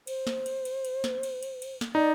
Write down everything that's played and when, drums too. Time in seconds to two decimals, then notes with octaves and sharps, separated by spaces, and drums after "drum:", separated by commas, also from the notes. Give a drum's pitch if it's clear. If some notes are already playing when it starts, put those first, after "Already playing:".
0.07 C5, drum: cymbal
0.27 drum: snare
0.46 drum: cymbal
0.65 drum: cymbal
0.85 drum: cymbal
1.04 drum: snare
1.23 drum: cymbal
1.43 drum: cymbal
1.62 drum: cymbal
1.81 drum: snare
1.95 D#4 D5